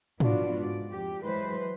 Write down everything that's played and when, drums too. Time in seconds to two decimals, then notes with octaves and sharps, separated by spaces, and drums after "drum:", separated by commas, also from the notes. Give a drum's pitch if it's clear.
0.20 F3 B3 D4 F4 F#4 D5, drum: tom G#2
0.56 G#2 D5
0.91 F2 G4
1.23 E3 F#3 G#3 B4 C5